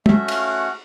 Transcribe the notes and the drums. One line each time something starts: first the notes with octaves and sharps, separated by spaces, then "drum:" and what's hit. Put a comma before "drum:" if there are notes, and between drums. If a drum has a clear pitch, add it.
A3 C#4 F#4 E5, drum: tom
F5, drum: cymbal
F#5